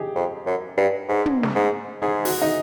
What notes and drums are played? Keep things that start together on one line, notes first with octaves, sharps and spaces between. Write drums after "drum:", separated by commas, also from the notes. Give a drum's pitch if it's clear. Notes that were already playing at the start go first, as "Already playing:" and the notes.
Already playing: D#4 G4 G#4
F2
F#2
G2
G#2
drum: tom
drum: snare
G#2
G#2 G#4
F#4, drum: open hi-hat
D#4